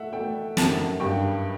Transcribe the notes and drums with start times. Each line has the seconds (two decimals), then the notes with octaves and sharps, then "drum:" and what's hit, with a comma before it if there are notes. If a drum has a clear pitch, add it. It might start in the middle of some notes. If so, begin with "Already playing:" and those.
Already playing: A3 E5 F#5
0.13 A3 G5
0.57 F#2 A5, drum: snare
1.00 G2 G5